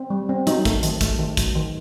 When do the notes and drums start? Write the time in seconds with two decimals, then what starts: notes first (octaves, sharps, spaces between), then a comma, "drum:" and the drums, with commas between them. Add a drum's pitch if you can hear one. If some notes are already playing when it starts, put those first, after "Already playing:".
Already playing: C4
0.10 G3
0.29 C4
0.47 F#3 D#4, drum: hi-hat
0.65 A3, drum: kick, hi-hat
0.83 D#3, drum: hi-hat
1.01 A3, drum: kick, hi-hat
1.19 D#3
1.37 F#3, drum: kick, hi-hat
1.55 D#3